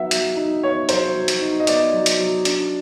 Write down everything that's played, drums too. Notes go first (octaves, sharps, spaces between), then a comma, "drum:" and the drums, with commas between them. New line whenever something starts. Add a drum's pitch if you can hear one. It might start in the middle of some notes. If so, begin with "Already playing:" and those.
Already playing: F#3 B3 D#4 E5 F#5
F#3, drum: hi-hat
D#4
B3 C#5
F#3 C5, drum: hi-hat
F#3
drum: hi-hat
D#4
D#5
B3 D5, drum: hi-hat
F#3
drum: hi-hat
F#3
D4, drum: hi-hat